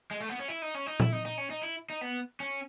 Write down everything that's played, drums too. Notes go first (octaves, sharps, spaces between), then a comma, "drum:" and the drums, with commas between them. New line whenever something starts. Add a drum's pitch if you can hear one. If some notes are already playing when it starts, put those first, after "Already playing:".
G#3
A3
B3
C#4
E4
D#4
C#4
D#4
E4, drum: tom A#2
D#4
D#4
C#4
D#4
E4
D#4
B3
C#4